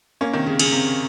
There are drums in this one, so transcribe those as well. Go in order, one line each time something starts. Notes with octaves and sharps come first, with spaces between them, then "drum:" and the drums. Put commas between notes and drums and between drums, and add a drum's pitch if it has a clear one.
A#3 C#4
C3 D#3
C#3
C#3, drum: cymbal
C3